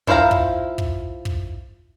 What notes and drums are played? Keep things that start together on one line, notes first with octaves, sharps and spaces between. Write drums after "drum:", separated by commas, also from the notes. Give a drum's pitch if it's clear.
F3 E4 C5 F5 A#5, drum: kick
drum: kick
drum: kick
drum: kick